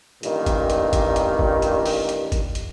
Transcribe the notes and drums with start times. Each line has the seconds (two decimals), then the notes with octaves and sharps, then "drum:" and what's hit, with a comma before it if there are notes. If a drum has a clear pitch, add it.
0.23 A1 G2 A#2 D#3, drum: hi-hat
0.46 drum: kick, hi-hat
0.70 drum: hi-hat
0.93 drum: kick, hi-hat
1.16 drum: hi-hat
1.39 drum: kick
1.62 drum: hi-hat
1.86 drum: open hi-hat
2.09 drum: hi-hat
2.32 drum: kick, hi-hat
2.55 drum: hi-hat